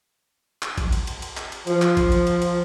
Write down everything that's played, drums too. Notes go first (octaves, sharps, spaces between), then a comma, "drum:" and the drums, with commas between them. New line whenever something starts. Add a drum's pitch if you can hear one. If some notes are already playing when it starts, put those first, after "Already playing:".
drum: clap
drum: kick A1, cymbal
drum: cymbal
drum: cymbal
drum: cymbal
drum: clap
drum: cymbal
F3, drum: cymbal
drum: clap
drum: kick A1, cymbal
drum: cymbal
drum: cymbal
drum: cymbal